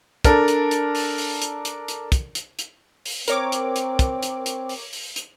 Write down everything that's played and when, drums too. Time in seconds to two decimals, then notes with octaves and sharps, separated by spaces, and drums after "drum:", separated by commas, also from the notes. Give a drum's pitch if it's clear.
0.24 D4 A4 A#4 D5, drum: kick, hi-hat
0.48 drum: hi-hat
0.71 drum: hi-hat
0.95 drum: open hi-hat
1.18 drum: open hi-hat
1.42 drum: hi-hat
1.65 drum: hi-hat
1.88 drum: hi-hat
2.12 drum: kick, hi-hat
2.35 drum: hi-hat
2.59 drum: hi-hat
3.05 drum: open hi-hat
3.28 C4 A#4 C#5 D6, drum: hi-hat
3.52 drum: hi-hat
3.76 drum: hi-hat
3.99 drum: kick, hi-hat
4.23 drum: hi-hat
4.46 drum: hi-hat
4.69 drum: open hi-hat
4.93 drum: open hi-hat
5.16 drum: hi-hat